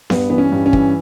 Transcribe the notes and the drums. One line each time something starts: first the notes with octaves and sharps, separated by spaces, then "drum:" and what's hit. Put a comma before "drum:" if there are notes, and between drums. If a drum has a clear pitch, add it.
G2 B3, drum: snare B3
E3 B3
C#4
G2
C#4
E3, drum: kick